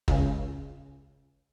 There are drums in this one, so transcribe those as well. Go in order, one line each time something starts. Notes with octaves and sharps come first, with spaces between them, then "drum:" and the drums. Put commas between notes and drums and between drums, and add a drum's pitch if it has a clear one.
C#2 C#3, drum: kick